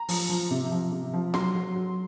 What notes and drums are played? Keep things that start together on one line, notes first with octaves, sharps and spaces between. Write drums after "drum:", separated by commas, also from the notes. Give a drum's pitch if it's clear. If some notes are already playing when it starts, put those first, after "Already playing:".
Already playing: A#5
F3, drum: open hi-hat
F3
C3
F3
C3
F3
F#3 C6, drum: snare
F#3
F#3